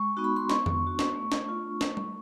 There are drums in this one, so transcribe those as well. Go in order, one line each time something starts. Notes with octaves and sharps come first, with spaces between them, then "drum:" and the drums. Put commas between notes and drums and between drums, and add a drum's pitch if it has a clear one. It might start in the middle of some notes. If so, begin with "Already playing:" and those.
Already playing: G#3 C#6
B3 D#4 F#4
B5
C6
B3 C#6, drum: snare
drum: tom F2
D4 F#4
drum: snare
A3
drum: snare
D4 F4
A3, drum: snare
drum: tom G3